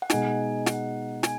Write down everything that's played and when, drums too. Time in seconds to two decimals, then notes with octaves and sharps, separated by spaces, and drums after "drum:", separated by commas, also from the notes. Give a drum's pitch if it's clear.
0.02 F#5
0.10 B2 G#3 D#4 G#5, drum: snare
0.66 F#5, drum: snare
1.23 G#5, drum: snare